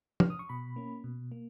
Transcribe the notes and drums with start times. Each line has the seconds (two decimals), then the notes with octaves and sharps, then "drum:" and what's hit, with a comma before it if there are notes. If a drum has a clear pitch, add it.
0.20 F6, drum: tom
0.30 D#6
0.39 C#6
0.49 B2 B5
0.76 A#3 C#4
1.04 B2
1.32 A#3